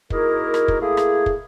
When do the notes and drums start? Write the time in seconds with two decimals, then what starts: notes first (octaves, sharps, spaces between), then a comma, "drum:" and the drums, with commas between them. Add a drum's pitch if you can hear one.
0.10 A#3 D#4 E4 F#4 G#4 A#4, drum: kick
0.54 drum: rim click
0.68 drum: kick
0.80 A3 A#3 E4 G#4
0.97 drum: rim click
1.26 drum: kick